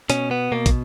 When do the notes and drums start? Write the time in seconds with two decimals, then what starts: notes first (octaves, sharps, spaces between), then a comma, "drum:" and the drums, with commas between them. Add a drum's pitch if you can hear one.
0.10 B2 C#4, drum: hi-hat
0.31 B3
0.52 B2 A#3
0.66 drum: kick, hi-hat